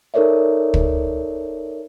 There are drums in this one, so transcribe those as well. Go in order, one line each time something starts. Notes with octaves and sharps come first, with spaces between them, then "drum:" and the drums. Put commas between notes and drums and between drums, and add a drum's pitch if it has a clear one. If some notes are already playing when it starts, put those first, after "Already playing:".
D#4 A4 A#4 C#5 D5 E5
drum: kick